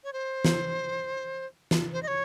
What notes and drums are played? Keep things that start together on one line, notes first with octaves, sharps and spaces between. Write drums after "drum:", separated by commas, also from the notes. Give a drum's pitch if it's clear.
C#5
C5
drum: snare
drum: snare
C5
D#5
C#5